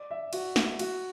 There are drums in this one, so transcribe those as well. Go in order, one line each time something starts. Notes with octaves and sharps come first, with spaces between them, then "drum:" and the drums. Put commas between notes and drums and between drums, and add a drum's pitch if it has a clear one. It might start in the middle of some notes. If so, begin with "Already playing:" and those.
Already playing: D5
E5
F#4, drum: cymbal
drum: snare
F#4, drum: cymbal